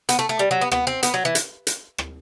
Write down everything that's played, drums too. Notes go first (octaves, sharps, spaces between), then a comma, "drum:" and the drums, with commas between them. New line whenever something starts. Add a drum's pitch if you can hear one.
B3, drum: hi-hat
A3
A3
G3
F#3
B3
B3, drum: rim click
C4
B3, drum: hi-hat
F#3
E3
drum: hi-hat
drum: hi-hat
drum: rim click